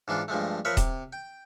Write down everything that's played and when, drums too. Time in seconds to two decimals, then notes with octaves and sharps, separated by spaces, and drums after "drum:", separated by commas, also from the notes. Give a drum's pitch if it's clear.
0.08 G#2 E3 D4 F4
0.28 G2 F3 G#3 A3
0.65 F3 A#4 B4 C#5 E5
0.77 C3, drum: kick D#1, hi-hat
1.13 G5